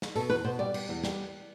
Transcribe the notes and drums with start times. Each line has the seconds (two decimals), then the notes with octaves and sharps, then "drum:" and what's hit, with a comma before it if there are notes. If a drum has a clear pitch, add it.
0.02 drum: snare
0.16 B2 A4, drum: open hi-hat
0.30 E2 B4
0.45 B2 C5
0.59 G3 D5
0.74 G3, drum: cymbal
0.89 E2
1.03 G3, drum: snare